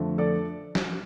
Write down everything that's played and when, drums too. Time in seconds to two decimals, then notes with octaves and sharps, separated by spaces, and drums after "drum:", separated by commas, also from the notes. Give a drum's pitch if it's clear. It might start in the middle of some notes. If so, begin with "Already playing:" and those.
Already playing: F2 D3 A3
0.18 A4 D5
0.75 drum: snare